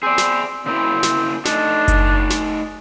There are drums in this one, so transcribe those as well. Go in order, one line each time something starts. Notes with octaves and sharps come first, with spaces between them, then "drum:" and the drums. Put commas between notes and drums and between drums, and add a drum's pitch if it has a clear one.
C4 G#4 D5
drum: snare
C#3 A#3 C4 E4
drum: snare
A3 D4 D#4, drum: snare
drum: kick F#1, hi-hat
drum: snare